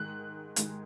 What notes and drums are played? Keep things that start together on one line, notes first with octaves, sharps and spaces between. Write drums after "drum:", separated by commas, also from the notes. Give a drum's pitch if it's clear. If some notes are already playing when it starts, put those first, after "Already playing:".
Already playing: G#2 D#3 G#3 F#6
G#2 D#3 G#3, drum: hi-hat